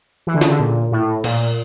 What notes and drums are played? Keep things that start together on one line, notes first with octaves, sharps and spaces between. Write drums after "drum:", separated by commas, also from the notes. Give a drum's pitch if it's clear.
E3
D3
C#3, drum: snare
D3
A#2
A2
A#2, drum: cymbal